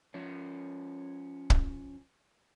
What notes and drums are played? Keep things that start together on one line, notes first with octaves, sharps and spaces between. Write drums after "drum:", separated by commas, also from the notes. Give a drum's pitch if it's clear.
F3 C#4
drum: kick